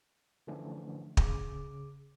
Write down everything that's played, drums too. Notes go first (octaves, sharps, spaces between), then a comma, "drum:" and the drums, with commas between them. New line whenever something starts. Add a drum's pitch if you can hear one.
D3 E3 F3 A3 C#4 D4
C#3 D6, drum: kick